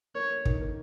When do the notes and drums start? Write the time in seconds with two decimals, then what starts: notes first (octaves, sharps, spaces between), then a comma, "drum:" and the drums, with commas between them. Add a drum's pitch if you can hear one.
0.15 A#3 C#5
0.31 A#3
0.45 D#3, drum: kick
0.61 A#3